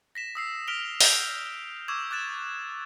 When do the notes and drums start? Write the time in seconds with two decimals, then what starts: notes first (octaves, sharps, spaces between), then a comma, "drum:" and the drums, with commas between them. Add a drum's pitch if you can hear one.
0.15 A#6 B6 E7
0.35 D#6 E6 C7
0.68 F6 B6 D7 F7 G7
1.01 G6 D7, drum: open hi-hat
1.88 C#6 D6 E6 G#6 E7
2.11 D6 F#6 A6 E7